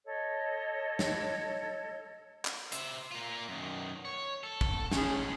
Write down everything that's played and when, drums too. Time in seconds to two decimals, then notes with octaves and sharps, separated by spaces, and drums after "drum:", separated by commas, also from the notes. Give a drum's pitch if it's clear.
0.05 A4 C#5 D#5
0.99 drum: snare
2.45 drum: clap
2.72 C5 E5, drum: hi-hat
3.11 A#3 F4
3.48 F#2 D#3
4.05 C#5
4.43 A4
4.61 drum: kick
4.91 D#2 A2 C#4 G#4, drum: snare